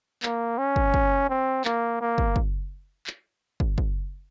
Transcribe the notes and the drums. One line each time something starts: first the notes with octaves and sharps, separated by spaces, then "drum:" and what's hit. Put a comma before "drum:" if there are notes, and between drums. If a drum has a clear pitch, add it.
A#3, drum: clap
C#4
drum: kick
drum: kick
C4
A#3, drum: clap
A#3
drum: kick
drum: kick
drum: clap
drum: kick
drum: kick